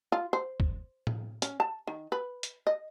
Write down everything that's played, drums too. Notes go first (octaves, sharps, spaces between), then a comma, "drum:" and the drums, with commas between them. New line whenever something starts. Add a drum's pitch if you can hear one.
F4
C5
drum: kick
drum: tom A2
C#4, drum: hi-hat
A5
D#3
B4
drum: hi-hat
D#5